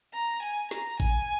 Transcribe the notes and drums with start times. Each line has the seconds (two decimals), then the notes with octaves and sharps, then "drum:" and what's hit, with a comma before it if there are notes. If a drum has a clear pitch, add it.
0.14 A#5
0.43 G#5, drum: hi-hat
0.71 A#5, drum: snare
1.00 G#5, drum: kick A1, hi-hat